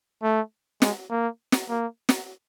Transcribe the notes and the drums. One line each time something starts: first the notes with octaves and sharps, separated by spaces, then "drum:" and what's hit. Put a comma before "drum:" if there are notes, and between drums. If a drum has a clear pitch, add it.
A3
G#3, drum: snare
A#3
drum: snare
A#3
drum: snare